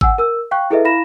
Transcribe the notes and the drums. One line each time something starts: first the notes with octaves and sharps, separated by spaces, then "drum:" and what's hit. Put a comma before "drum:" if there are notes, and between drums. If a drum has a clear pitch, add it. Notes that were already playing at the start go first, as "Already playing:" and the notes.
F#5 G#5 E6, drum: kick G#1
A#4 E6
F5 G5 C#6 F#6
E4 G#4 A4 B4 D#5 E5
E4 F5 B5 A#6 E7